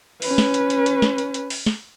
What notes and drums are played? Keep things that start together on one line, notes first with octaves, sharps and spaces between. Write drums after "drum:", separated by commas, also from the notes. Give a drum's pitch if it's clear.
C#4 B4, drum: open hi-hat
drum: snare
drum: hi-hat
drum: hi-hat
drum: hi-hat
drum: snare
drum: hi-hat
drum: hi-hat
drum: open hi-hat
drum: snare